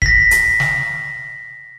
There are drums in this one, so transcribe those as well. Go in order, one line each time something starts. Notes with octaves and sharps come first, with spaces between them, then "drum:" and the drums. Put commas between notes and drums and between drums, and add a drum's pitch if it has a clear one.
A#6 B6, drum: kick
drum: hi-hat
drum: snare